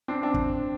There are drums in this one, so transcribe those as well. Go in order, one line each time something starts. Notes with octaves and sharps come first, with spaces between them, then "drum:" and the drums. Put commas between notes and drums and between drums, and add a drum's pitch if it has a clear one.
C4 D4
C4 D4
drum: kick